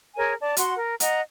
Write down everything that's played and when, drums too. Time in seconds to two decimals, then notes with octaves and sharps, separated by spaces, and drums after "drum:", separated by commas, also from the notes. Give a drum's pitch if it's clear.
0.15 G#4 A#4 C#5 G#5
0.42 D5 A5
0.57 F#4 F#5 C6, drum: hi-hat
0.75 A#4
1.00 D#5 F#5 A#5, drum: hi-hat